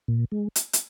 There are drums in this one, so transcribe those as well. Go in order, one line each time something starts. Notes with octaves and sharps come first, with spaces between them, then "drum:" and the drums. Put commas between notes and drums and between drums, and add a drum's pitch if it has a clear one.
A#2
G#3
drum: hi-hat
drum: hi-hat